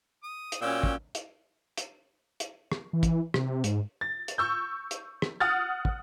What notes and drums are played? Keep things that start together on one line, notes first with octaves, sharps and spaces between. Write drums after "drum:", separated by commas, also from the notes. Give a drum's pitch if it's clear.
D#6
drum: hi-hat
A#2 C#4 F#4 G5 E6
drum: kick
drum: hi-hat
drum: hi-hat
drum: hi-hat
drum: rim click
E3
drum: kick, hi-hat
C3, drum: rim click
G#2, drum: hi-hat
A6
drum: hi-hat
C#6 E6 G6
drum: hi-hat
drum: rim click
F#5 D#6 F6 A6
drum: kick